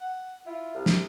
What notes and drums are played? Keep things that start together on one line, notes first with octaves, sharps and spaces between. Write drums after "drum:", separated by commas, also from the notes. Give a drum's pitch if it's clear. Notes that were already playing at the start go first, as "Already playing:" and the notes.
F#5
E4 F4
C2
drum: snare